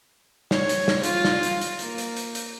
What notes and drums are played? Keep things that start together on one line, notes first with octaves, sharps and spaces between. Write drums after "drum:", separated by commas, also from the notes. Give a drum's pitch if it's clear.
C#5, drum: snare
drum: hi-hat
drum: snare
F4, drum: hi-hat
drum: snare
drum: hi-hat
drum: hi-hat
A#3, drum: hi-hat
drum: hi-hat
drum: hi-hat
drum: hi-hat